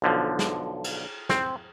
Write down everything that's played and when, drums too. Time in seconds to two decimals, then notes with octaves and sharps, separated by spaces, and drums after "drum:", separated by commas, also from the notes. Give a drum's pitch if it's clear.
0.02 B1 D3 F3
0.39 drum: snare
0.84 drum: cymbal
1.29 C4, drum: snare